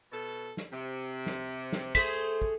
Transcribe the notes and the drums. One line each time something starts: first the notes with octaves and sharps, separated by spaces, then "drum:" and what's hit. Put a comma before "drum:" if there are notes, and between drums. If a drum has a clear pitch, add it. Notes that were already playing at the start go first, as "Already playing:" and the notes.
B2 A4
drum: snare
C3
drum: snare
drum: snare
A3 G#4 C5 B6, drum: kick
drum: kick